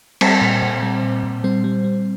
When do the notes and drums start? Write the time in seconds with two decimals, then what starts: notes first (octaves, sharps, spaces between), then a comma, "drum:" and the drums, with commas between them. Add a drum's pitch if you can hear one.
0.21 G3 C4 C5, drum: cymbal
0.41 A#2
0.62 A#2
0.83 G3
1.03 A#2
1.23 A#2
1.44 G3 C4 C5
1.64 G3
1.84 G3